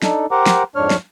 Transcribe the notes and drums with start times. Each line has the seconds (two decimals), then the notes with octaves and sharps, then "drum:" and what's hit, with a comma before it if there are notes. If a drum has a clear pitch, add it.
0.02 D4 D#4 A4, drum: snare
0.31 G4 A#4 C5 F#5 A#5 D6
0.46 drum: snare
0.76 F2 G#2 D4 C#5 F6
0.90 drum: snare